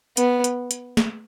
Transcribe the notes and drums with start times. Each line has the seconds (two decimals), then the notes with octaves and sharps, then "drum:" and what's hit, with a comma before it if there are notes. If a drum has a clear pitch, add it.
0.17 B3, drum: hi-hat
0.44 drum: hi-hat
0.71 drum: hi-hat
0.97 drum: snare